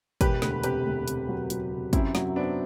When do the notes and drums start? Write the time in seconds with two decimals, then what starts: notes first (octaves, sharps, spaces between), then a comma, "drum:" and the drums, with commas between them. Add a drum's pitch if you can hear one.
0.21 E1 G4 B4, drum: kick, hi-hat
0.42 D2, drum: snare
0.64 C3 G4 B4, drum: hi-hat
0.85 D2
1.08 C3, drum: hi-hat
1.29 F#3
1.50 F#3, drum: hi-hat
1.71 C3
1.93 F#2 C4 E4, drum: kick, hi-hat
2.15 F#3, drum: snare
2.36 B3 C4 D4